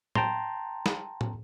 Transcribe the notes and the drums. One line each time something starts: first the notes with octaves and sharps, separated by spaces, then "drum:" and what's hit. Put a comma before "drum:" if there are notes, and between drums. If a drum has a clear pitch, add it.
G5 A5 A#5 C6, drum: tom
drum: snare
drum: tom A2